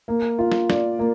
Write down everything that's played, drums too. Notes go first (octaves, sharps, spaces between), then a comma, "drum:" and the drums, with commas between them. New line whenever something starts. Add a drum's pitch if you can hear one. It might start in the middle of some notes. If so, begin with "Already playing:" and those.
A#3
F4
drum: snare
D5, drum: snare
A#3